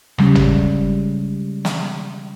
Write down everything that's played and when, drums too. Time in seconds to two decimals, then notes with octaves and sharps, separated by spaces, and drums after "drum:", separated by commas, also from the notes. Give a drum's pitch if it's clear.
0.18 C#3 G3 G#3 C#4, drum: rim click
0.35 drum: tom
1.65 drum: snare